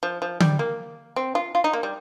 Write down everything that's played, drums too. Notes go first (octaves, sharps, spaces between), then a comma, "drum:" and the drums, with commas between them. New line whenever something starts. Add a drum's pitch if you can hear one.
F3
F3
G3, drum: tom D3
A#3
C4
F4
F4
D#4
A#3
G3